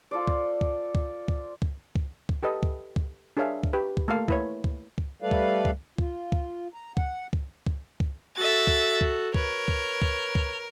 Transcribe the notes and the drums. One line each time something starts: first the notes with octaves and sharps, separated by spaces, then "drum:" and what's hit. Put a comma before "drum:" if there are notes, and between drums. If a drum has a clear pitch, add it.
F4 A4 C5 D5
drum: kick
drum: kick
drum: kick
drum: kick
drum: kick
drum: kick
drum: kick
G4 A4 B4 D#5
drum: kick
drum: kick
D4 G#4 A#4 C#5 E5 F5
drum: kick
G4 B4
drum: kick
A3 A#3 A4 F5
E4 B4 C#5, drum: kick
drum: kick
drum: kick
G3 A3 A4 B4 D5 F5
drum: kick
drum: kick
F4, drum: kick
drum: kick
A#5
F#5, drum: kick
drum: kick
drum: kick
drum: kick
F#4 A4 E5 A6
drum: kick
drum: kick
A#4 B4 C#5, drum: kick
drum: kick
drum: kick
drum: kick